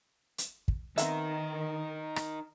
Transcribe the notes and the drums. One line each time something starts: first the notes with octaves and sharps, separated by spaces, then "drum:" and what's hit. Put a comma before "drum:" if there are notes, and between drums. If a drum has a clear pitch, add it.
drum: hi-hat
drum: kick
D#3 B3 C4 D#4 A#4 E5, drum: hi-hat
drum: rim click